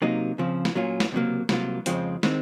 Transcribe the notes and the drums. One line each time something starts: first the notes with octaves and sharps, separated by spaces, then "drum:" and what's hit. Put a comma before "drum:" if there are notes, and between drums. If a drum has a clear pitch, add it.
C3 F#3 A#3 D#4
C#3 F3 C4
drum: snare
A#2 F#3 C#4 F4
drum: snare
C#2 C3 F#3 A#3
C2 C3 F#3 A#3 F4, drum: snare
F2 C#3 F3 G#3 C4, drum: hi-hat
D#3 G#3 C4, drum: snare